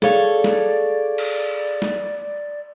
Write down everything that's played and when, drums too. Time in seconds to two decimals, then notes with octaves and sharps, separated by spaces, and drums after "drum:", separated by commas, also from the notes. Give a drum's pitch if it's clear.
0.02 G#4 A4 C#5 D5 F5, drum: snare
0.44 drum: snare
1.18 drum: cymbal
1.82 drum: snare